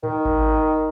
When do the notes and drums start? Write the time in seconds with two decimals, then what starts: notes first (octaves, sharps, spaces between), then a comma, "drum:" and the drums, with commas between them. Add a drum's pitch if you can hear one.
0.03 D#3, drum: tom A2
0.25 drum: kick G#1